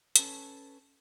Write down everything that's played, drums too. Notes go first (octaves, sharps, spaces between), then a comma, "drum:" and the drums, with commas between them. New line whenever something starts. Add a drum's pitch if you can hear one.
C#4 A4 B4, drum: hi-hat